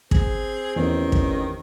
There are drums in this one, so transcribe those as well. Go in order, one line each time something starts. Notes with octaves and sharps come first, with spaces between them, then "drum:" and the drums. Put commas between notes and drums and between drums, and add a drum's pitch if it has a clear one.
C4 G#4, drum: kick
A1 E2 D#3
drum: kick